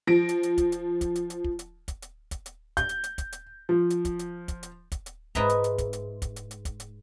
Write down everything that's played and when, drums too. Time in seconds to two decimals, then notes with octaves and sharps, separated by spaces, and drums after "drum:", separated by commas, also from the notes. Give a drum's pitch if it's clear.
0.07 F3 A#6 D7
0.29 drum: hi-hat
0.43 drum: hi-hat
0.58 drum: kick, hi-hat
0.72 drum: hi-hat
1.01 drum: kick, hi-hat
1.15 drum: hi-hat
1.30 drum: hi-hat
1.44 drum: kick
1.59 drum: hi-hat
1.88 drum: kick, hi-hat
2.02 drum: hi-hat
2.31 drum: kick, hi-hat
2.46 drum: hi-hat
2.77 G6, drum: kick, hi-hat
2.89 drum: hi-hat
3.04 drum: hi-hat
3.18 drum: kick, hi-hat
3.32 drum: hi-hat
3.69 F3
3.90 drum: hi-hat
4.05 drum: kick, hi-hat
4.19 drum: hi-hat
4.48 drum: kick, hi-hat
4.63 drum: hi-hat
4.92 drum: kick, hi-hat
5.06 drum: hi-hat
5.35 G#2 B4 D#5 E5 A#5, drum: kick, hi-hat
5.49 drum: hi-hat
5.64 drum: hi-hat
5.78 drum: kick, hi-hat
5.93 drum: hi-hat
6.22 drum: kick, hi-hat
6.36 drum: hi-hat
6.51 drum: hi-hat
6.65 drum: kick, hi-hat
6.80 drum: hi-hat